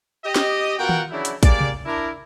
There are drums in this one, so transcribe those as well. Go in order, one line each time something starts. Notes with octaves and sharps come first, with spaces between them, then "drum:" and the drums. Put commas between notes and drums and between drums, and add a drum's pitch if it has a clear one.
G4 D#5
drum: snare
B2 F4 F#4 A#4 F#5 G5
drum: tom D#3
C#3 F#3 D4 E4
drum: hi-hat
G#3 A#3 G4 D5, drum: kick, hi-hat
drum: tom C3
D4 E4 A#4